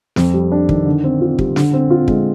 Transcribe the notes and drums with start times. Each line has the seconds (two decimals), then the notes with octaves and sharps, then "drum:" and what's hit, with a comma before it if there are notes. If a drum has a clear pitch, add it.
0.16 F2, drum: snare
0.34 G3
0.52 D4
0.69 D#3, drum: kick
0.86 D3
1.04 C4
1.21 F4
1.39 G3, drum: kick
1.56 D3, drum: snare
1.73 C4
1.90 F4
2.08 G#3, drum: kick